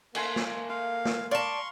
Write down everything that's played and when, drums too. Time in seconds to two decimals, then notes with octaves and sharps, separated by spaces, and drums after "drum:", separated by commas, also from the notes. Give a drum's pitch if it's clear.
0.15 A3 A#3 G#5 C6, drum: cymbal
0.36 drum: snare
0.69 F5 C6
1.05 drum: snare
1.31 D5 F5 A5 A#5 C6 C#6